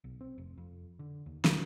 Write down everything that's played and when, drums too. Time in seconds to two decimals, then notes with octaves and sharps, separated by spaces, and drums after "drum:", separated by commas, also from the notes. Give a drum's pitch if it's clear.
0.04 B1
0.21 C4
0.38 F1
0.58 F2
0.99 D3
1.26 D#2
1.45 F3, drum: snare